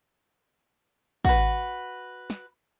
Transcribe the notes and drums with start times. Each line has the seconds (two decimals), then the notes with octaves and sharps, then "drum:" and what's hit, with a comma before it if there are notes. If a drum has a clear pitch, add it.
1.25 F#4 B4, drum: kick
2.30 drum: snare